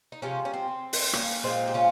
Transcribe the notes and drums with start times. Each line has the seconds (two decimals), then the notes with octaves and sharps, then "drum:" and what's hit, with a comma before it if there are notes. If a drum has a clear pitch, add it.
0.12 D#4
0.22 C3 F3 G#3 C#4 F4
0.45 C#4
0.54 C4
0.93 drum: open hi-hat
1.13 A#3 C#4, drum: rim click
1.44 A#2 F3 G#3 C4 D#4
1.68 G4
1.74 C#4 F4